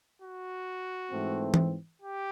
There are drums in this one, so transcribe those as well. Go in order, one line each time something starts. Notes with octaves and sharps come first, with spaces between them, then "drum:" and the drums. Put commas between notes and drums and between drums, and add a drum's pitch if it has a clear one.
F#4
G#2 E3 A3 C4
drum: tom E3
G4